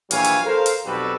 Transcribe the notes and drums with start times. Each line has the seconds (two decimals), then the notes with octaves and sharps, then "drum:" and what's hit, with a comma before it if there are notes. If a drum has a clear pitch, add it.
0.11 A#1 E3 G3 C#5 F5 G#5, drum: hi-hat
0.24 drum: hi-hat
0.45 A4 A#4 C5 F5
0.66 drum: hi-hat
0.86 B1 F2 G3 F#4 A4 B4